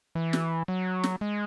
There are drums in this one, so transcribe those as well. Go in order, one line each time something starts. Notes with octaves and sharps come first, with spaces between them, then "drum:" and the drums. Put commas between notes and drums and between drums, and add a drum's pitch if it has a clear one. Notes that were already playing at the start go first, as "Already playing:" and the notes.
E3
drum: snare
F#3
drum: snare
G#3